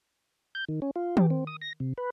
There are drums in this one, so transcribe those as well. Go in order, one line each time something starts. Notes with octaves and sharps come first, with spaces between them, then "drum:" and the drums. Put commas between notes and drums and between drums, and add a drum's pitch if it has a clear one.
G6
D#3
C#4
F4
G4, drum: tom
C4
D#6
A#6
C3
B4